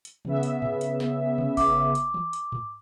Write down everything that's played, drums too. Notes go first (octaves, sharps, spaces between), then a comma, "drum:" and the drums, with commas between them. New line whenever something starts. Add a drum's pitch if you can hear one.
drum: hi-hat
C#3 B3 E5, drum: tom
drum: hi-hat
drum: tom G#2
drum: hi-hat
drum: snare
drum: tom C3
D6, drum: kick G#1, open hi-hat
drum: hi-hat
drum: tom
drum: hi-hat
drum: tom G#2